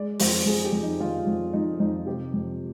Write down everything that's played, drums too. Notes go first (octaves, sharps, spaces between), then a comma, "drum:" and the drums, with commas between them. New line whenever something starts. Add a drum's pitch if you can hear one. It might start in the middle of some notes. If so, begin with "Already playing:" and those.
Already playing: G#3 D5
F2 C5, drum: open hi-hat
F2 G#4
G4
F2
D#4
D#3 F4
F2
F2 D#4
F2 D#4
C3 G4
F2